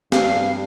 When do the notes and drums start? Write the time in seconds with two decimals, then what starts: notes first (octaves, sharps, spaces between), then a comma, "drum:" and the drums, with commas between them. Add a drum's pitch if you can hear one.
0.12 G2 F5, drum: snare